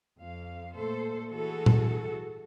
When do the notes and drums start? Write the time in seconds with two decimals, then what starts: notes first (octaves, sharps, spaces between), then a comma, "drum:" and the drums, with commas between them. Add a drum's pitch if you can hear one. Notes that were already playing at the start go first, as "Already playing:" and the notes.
0.18 F2 F5
0.76 A#2 A3 A4 C5
1.30 E3 F#4 G#4 A4
1.66 drum: tom A#2